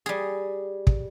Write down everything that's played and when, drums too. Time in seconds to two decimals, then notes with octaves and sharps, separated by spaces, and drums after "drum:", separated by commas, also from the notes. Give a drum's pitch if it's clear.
0.06 G3 G#4
0.87 drum: kick